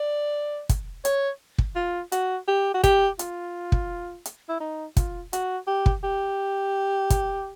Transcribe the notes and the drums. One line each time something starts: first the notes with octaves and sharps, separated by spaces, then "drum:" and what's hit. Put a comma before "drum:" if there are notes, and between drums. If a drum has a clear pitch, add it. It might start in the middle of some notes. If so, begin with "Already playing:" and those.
Already playing: D5
drum: kick, hi-hat
C#5, drum: hi-hat
drum: kick
F4
F#4, drum: hi-hat
G4
F#4
G4, drum: kick, hi-hat
F4, drum: hi-hat
drum: kick
drum: hi-hat
E4
D#4
F4, drum: kick, hi-hat
F#4, drum: hi-hat
G4
drum: kick
G4
drum: kick, hi-hat